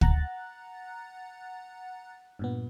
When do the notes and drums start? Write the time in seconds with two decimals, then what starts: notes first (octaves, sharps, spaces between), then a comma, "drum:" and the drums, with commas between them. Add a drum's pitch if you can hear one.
0.01 F#5 A#5 F#6 A6, drum: kick
2.39 G2 A#2 B3